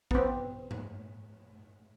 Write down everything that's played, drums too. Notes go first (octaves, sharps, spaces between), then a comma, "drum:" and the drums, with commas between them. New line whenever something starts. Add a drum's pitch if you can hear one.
B3 C4, drum: kick
drum: tom G#2